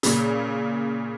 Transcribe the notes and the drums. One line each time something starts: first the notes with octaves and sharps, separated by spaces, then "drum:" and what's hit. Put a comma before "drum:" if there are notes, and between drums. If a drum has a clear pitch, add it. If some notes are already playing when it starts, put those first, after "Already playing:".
A#2 C#3, drum: hi-hat